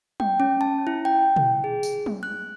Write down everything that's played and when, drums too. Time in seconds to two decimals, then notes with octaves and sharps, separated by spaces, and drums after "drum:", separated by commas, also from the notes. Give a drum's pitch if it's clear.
0.20 G5, drum: tom
0.40 C#4
0.61 A5
0.87 E4
1.05 G5
1.36 drum: tom
1.64 G#4
1.83 drum: tambourine
2.06 drum: tom
2.23 F#6